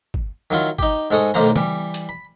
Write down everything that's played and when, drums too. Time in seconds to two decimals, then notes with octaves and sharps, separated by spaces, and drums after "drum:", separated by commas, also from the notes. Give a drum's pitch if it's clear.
0.14 drum: kick
0.51 D#3 F#3 E4 F4
0.79 D#4 G4, drum: kick
1.11 G#2 G#3 A4 C#5 D#6
1.34 B1 A2 D#3 A#3 C5 A#5
1.56 E3 G3, drum: tom C#3
1.94 drum: hi-hat
2.09 B5